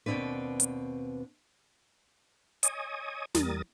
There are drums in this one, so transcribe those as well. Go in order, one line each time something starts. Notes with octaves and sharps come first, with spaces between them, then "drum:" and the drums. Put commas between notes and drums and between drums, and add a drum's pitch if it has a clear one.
D#2 B2 D#3 C4 D4 B4
drum: hi-hat
C#5 D#5 G#5 D#6, drum: hi-hat
E2 G3 A#4 D#6 A6, drum: snare